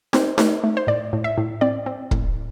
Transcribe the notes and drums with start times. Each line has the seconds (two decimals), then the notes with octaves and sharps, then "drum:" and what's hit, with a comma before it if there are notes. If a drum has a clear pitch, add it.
0.13 C4 C5, drum: snare D#4
0.38 A3, drum: snare D#4
0.64 A3
0.77 C5
0.87 A2 D5
1.13 A2
1.24 E5
1.37 A2
1.61 C4 D5
1.86 C4
2.11 A2, drum: kick